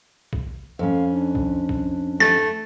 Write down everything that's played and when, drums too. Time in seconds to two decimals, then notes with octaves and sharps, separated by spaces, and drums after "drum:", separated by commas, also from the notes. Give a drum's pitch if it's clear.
0.33 drum: kick
0.79 F2 C#4 F5
1.12 D4
1.35 drum: kick
1.69 drum: kick
2.20 A3 A6, drum: snare